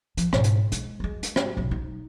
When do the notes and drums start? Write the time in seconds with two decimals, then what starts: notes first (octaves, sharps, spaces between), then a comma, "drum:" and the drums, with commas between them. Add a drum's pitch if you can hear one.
0.17 F3, drum: hi-hat
0.33 G#2 B2, drum: rim click
0.44 drum: hi-hat
0.72 G#3, drum: hi-hat
1.00 F#3 G#3
1.23 drum: hi-hat
1.36 drum: rim click
1.57 B1 F#3
1.71 D#4